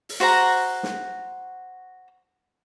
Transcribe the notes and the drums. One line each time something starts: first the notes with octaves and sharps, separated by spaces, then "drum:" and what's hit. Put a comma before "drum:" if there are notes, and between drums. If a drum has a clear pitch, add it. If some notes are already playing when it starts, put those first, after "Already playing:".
drum: open hi-hat
F#4 C5 F#5 A#5
drum: snare